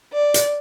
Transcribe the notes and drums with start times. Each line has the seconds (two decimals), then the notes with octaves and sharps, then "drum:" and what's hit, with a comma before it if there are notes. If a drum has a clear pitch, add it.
0.12 D5
0.34 drum: hi-hat